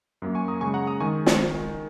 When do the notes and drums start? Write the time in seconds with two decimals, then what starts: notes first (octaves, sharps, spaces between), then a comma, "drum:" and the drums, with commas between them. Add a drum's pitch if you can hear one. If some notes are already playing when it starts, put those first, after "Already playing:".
0.22 F#2 F#3 A#3
0.35 G#5 C#6
0.48 A#5 D#6
0.61 C#3 G#3 G#5 C#6
0.74 F#5 A#5
0.87 A#5 D#6
1.00 D#3 G#3 G#5 C#6
1.26 drum: snare